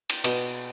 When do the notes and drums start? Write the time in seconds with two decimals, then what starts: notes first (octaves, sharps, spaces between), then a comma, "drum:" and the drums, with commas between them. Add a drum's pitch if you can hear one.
0.10 drum: cymbal
0.24 B2, drum: cymbal